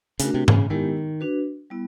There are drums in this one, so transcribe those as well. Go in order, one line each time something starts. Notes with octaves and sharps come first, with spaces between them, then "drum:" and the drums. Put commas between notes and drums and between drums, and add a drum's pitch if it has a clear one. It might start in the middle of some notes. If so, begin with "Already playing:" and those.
C#3 A3 D4 F#4 A#4, drum: hi-hat
C3
C#3, drum: tom
D#3 G#3 B3 E4 G4 A#4
D4 F#4 B4
G3 B3 E4